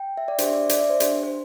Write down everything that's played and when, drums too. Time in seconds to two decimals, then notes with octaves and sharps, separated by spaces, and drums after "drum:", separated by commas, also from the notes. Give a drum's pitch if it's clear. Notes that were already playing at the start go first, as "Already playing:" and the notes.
Already playing: G5
0.17 E5
0.28 D5
0.38 D4 G4 C5, drum: hi-hat
0.46 E5
0.53 D5
0.69 D5, drum: hi-hat
0.79 E5
0.90 C5
1.00 D4 G4 C5, drum: hi-hat
1.23 C5